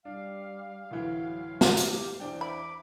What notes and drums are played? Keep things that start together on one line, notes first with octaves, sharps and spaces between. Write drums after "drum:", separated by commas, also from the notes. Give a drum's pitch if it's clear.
G3 D4 F5
D2 A2 E3 F#3
drum: snare
G4, drum: hi-hat
E2 D4 C5 G5
E5 B5 D6